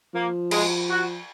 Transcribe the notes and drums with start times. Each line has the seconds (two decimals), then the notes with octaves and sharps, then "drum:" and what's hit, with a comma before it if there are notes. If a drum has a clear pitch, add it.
0.14 F3 A#3
0.51 G#3, drum: cymbal
0.89 F#4